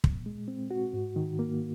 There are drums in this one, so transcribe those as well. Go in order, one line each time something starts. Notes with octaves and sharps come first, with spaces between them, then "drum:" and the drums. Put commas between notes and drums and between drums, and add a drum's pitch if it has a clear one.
A#2, drum: kick
G#3
C4
F#4
G#2
D#3
A#3